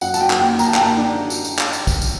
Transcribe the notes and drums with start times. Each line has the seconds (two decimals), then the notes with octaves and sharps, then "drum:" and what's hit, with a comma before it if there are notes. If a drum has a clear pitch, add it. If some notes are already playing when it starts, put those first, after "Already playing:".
0.01 F#2 F#5, drum: tambourine
0.14 A5, drum: tambourine
0.21 F#3 G5
0.30 drum: clap
0.40 A#3 G5
0.59 A#3 A#5, drum: tambourine
0.67 A5
0.74 G5, drum: clap
0.79 A#3 A5
0.98 D4
1.30 drum: tambourine
1.44 drum: tambourine
1.59 drum: clap
1.73 drum: tambourine
1.87 drum: kick, tambourine
2.02 drum: tambourine